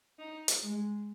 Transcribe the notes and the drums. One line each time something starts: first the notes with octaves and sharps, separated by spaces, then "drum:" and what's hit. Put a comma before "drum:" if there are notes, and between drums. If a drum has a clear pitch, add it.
D#4
drum: hi-hat
G#3